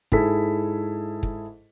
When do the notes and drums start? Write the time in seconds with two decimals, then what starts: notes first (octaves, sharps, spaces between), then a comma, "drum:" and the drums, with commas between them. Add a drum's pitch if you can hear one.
0.12 G#2 E4 G#4 A4 B6, drum: kick
1.23 drum: kick